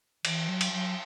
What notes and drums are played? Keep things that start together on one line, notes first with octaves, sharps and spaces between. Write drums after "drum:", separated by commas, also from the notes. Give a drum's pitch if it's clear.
E3, drum: cymbal
F#3
drum: cymbal
F#3